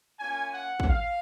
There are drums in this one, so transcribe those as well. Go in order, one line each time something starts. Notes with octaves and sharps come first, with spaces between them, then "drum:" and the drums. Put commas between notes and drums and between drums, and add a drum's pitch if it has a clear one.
A#3 C#4 F4 G#5
F#5
drum: kick
F5